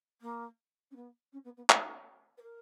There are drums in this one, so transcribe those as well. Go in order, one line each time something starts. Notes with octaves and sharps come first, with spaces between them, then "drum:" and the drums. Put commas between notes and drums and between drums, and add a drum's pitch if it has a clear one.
A#3
C#4
B3
C#4
B3
B3
D#4, drum: clap
B4
A#4